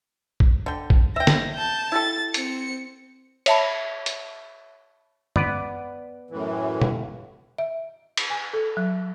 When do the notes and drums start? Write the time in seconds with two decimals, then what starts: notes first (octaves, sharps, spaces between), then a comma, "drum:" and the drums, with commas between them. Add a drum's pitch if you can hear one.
0.40 drum: kick
0.66 D3 G5
0.90 drum: kick
1.16 E5 G5 A#6
1.27 drum: snare
1.55 A5 G6
1.92 E4 G4 A4 A6
2.34 C4 C#7, drum: hi-hat
3.46 C#5 E5 A5 B5, drum: cymbal
4.06 drum: hi-hat
5.36 B3 B4 D5, drum: tom
6.31 F#2 A2 E3
6.82 G1, drum: tom B2
7.58 E5
8.17 drum: cymbal
8.30 G#5
8.53 A4
8.77 F#3